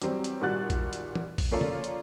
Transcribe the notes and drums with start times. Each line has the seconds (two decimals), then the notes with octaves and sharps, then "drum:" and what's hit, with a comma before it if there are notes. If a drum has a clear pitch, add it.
0.02 E2 F#3 G3 C4, drum: hi-hat
0.24 drum: hi-hat
0.41 G#1 A#2 G3 F#4 F#6 A6
0.70 drum: kick, hi-hat
0.93 drum: hi-hat
1.15 drum: tom E3
1.38 drum: kick, open hi-hat
1.51 F3 A#3 C#4 F4 A4 D5
1.61 drum: tom C#3
1.84 drum: hi-hat